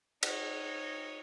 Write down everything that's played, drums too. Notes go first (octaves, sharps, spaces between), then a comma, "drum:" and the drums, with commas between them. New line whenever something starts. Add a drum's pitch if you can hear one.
D#4 C#5, drum: cymbal